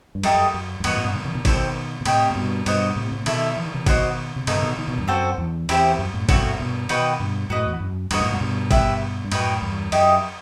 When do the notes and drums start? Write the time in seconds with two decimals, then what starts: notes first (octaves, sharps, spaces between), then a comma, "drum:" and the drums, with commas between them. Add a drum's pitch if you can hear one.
0.15 G2
0.23 F#2 A3 D#4 G4 D#5, drum: cymbal
0.34 F#2
0.54 F#2
0.80 F#2
0.84 E2 G2 B3 F#4 B4 D#5, drum: cymbal
0.94 F#2 A2
1.04 G2 B2
1.15 B2 D#3
1.25 C3 E3
1.35 B2 D#3
1.45 B2 D#3 C4 F#4 A4 C5, drum: kick G#1, cymbal
2.01 B2
2.06 A2 C3 G4 D#5 G5, drum: cymbal
2.31 A2
2.36 G2 B2
2.66 G2 B2 B3 F#4 C5 D#5, drum: cymbal
2.96 A2 C3
3.12 A2 C3
3.26 B2 D#3 E4 A4 E5, drum: cymbal
3.57 E3
3.65 D#3
3.74 C3 E3
3.86 B2 D#3 F#4 C5 D#5, drum: kick G#1, cymbal
4.36 C3
4.47 G2 B2 B3 D#4 A4, drum: cymbal
4.55 C3
4.63 B2 D#3
4.78 B2 D#3
4.88 B2 D#3
4.98 E2 G2
5.08 F#2 C4 F#4 A4 C5
5.38 E2
5.69 E2 C4 E4 G4 C5, drum: cymbal
5.99 F#2
6.13 F#2 A2
6.29 G2 B2 A3 C4 F#4, drum: kick G#1, cymbal
6.59 G2 B2
6.89 B2 D#3 F#4 B4 D#5 G5, drum: cymbal
7.20 G2 B2
7.50 F#2 A2 F#4 B4 D#5
7.65 E2
7.80 F#2
8.11 E2 G2 B3 F#4 B4 D#5, drum: cymbal
8.20 F#2 A2
8.30 G2 B2
8.41 G2 B2
8.71 G4 B4 E5, drum: kick G#1, cymbal
9.24 G2
9.32 F#2 A2 F#4 B4 D#5 G5, drum: cymbal
9.62 E2 G2
9.92 F#2 A3 D#4 G4 D#5, drum: cymbal